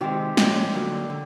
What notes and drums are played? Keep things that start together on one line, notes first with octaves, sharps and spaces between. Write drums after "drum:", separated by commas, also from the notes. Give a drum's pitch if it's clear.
C3 D#3 G#3 C4 G4
A#2 F3 G#3 C#4, drum: snare
D3 F#3 A#3
D3